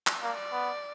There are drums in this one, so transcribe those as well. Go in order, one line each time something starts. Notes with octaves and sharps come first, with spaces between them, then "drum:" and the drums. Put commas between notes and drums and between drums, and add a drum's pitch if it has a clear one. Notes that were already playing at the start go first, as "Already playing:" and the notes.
drum: clap
A#3 D5
B3